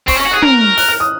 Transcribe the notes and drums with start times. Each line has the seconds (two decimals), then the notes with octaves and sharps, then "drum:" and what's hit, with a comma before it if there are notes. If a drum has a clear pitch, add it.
0.08 C4 C#6, drum: kick, open hi-hat
0.17 C#4
0.20 C#6
0.26 F#4
0.31 G#4 F#6
0.42 A#4, drum: tom
0.78 F#6, drum: open hi-hat
0.89 F6
1.00 D#6